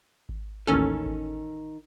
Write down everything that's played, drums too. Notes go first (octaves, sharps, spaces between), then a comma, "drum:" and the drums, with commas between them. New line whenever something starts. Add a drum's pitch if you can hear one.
drum: kick G#1
A1 D#2 D#3 C#4 A4 F6
drum: kick G#1